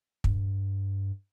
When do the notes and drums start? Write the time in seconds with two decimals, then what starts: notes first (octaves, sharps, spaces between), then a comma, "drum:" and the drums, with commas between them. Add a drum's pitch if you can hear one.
0.24 G2, drum: kick